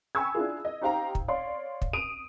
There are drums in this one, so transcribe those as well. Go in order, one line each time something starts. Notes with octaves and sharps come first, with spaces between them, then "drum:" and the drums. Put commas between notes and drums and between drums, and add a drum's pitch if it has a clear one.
G5 G#5 B5 C#6 E6 G#6
D4 E4 F4 G#4
D#5
D#4 G4 C5 F5 G5 A#5
drum: kick
C#5 D5 F5 C6
drum: kick
D#6 D7 D#7 F7